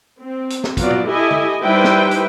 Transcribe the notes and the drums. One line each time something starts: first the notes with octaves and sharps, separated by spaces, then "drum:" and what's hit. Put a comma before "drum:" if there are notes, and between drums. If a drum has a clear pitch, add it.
C4
drum: hi-hat
drum: snare
F#3 B3 F4 F#4 D5, drum: kick, hi-hat
drum: tom A#2
E4 G4 A4 D#5 G#5
drum: tom
G3 D#4 E4 B4 C5 G5
drum: snare
drum: hi-hat